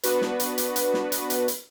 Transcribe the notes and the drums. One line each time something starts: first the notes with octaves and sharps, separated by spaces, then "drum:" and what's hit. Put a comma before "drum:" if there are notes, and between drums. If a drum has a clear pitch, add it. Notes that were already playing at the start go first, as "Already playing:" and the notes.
B3 D4 F#4 B4, drum: hi-hat
drum: snare
drum: hi-hat
drum: hi-hat
drum: hi-hat
drum: snare
drum: hi-hat
drum: hi-hat
drum: hi-hat